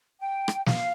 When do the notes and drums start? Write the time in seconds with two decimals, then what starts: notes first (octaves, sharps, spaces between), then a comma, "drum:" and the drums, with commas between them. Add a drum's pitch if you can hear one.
0.21 G5
0.48 drum: rim click
0.66 F5, drum: snare